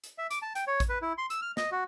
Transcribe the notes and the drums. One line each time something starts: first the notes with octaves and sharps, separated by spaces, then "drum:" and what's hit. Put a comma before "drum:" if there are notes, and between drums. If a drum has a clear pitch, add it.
drum: hi-hat
E5
D6, drum: hi-hat
A5
G5, drum: hi-hat
C#5
drum: kick A1, hi-hat
B4
E4
C6
E6, drum: hi-hat
F6
D#5, drum: snare
F#4